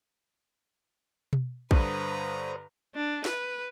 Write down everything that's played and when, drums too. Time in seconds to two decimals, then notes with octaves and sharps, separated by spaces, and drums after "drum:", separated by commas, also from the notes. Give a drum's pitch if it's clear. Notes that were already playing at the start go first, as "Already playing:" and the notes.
1.33 drum: tom B2
1.71 G2 D3 B4 C5 A#5 D#6, drum: kick
2.95 D4
3.25 B4, drum: snare